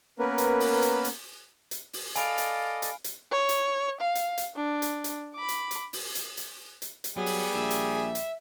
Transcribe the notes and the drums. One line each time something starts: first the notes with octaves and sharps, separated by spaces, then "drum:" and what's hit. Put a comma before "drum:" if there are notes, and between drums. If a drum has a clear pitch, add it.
A#3 B3 C#4 A#4 B4
drum: hi-hat
drum: open hi-hat
drum: hi-hat
drum: hi-hat
drum: hi-hat
drum: open hi-hat
A4 D5 D#5 F5 G#5 B5 D7, drum: hi-hat
drum: hi-hat
drum: hi-hat
drum: hi-hat
C#5
drum: hi-hat
F5
drum: hi-hat
drum: hi-hat
D4
drum: hi-hat
drum: hi-hat
B5 D6
drum: hi-hat
drum: hi-hat
drum: open hi-hat
drum: hi-hat
drum: hi-hat
drum: hi-hat
drum: hi-hat
F#3 G3 B3 G#4
drum: open hi-hat
A#1 E5
drum: hi-hat
drum: hi-hat